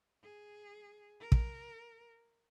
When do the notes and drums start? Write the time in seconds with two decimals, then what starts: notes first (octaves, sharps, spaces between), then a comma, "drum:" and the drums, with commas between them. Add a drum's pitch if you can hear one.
0.23 G#4
1.21 A#4
1.32 drum: kick